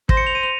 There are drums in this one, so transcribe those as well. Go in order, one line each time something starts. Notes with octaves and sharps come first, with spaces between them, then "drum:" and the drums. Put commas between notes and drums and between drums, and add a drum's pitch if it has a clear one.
C5 A#6, drum: kick
C#7
F7
D#7
F7